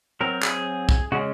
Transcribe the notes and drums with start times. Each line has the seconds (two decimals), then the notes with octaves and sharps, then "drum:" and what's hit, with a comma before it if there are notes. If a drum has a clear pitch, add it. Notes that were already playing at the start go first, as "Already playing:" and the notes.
0.21 F#3 C4 A#4
0.43 G#4, drum: clap
0.89 drum: kick
1.12 C#3 G#3 C#4 F#4